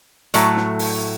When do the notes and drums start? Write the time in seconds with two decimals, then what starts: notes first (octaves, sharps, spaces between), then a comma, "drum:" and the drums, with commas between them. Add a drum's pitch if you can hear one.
0.34 A2 F#3 A3, drum: hi-hat
0.56 drum: snare
0.79 drum: open hi-hat